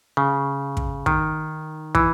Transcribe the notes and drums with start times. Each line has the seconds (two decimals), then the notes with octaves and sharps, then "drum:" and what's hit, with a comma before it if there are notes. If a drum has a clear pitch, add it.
0.17 C#3
0.77 drum: kick
1.06 D#3, drum: kick
1.95 E3, drum: kick